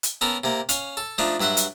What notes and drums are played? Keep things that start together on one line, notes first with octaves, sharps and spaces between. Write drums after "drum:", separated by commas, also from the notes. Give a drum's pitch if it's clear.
drum: hi-hat
B3 C#4 A4 A#4
C3 A#3
C#4 F5, drum: hi-hat
A4
F3 A3 D4 D#4
G2 F#3 E5 F#5 C6
drum: hi-hat